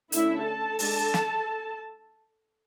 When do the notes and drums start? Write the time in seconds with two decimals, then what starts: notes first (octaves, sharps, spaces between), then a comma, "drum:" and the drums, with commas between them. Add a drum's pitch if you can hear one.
0.12 D3 A3 C#4 E4 E5, drum: hi-hat
0.46 A4 A5
0.79 G#3 D4, drum: open hi-hat
1.14 drum: snare